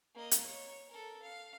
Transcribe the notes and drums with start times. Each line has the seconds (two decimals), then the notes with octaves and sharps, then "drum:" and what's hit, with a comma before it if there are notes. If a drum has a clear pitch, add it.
0.15 A#3 D#5
0.31 drum: hi-hat
0.46 C#5
0.90 A4 A#4
1.22 F5